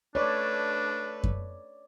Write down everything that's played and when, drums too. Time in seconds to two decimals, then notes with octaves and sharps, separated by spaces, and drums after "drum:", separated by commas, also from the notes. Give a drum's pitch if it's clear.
0.15 A3 D4 B4 C#5 D5
1.24 drum: kick F#2